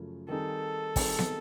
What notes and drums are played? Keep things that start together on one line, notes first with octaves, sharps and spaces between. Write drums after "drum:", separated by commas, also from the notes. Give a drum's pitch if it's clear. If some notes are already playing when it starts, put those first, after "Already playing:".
Already playing: F#2 C#3 F3 A3 C#4
D#3 G3 C4 D#4 G#4 A4
D#3 G3 C4 D#4 G#4, drum: kick, open hi-hat
drum: snare